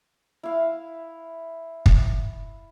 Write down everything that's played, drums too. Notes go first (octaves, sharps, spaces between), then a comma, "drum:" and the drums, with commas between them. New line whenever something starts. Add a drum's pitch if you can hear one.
E4 F5
drum: kick